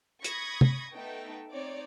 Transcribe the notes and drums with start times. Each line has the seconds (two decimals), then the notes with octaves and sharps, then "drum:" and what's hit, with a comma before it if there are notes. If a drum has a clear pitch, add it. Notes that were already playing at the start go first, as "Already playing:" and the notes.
0.24 B5 C#6 D#6 G#6 A#6, drum: hi-hat
0.61 drum: tom
0.92 A3 B3 D#4 A4 G5
1.52 C4 D#4 C#5 D5 D6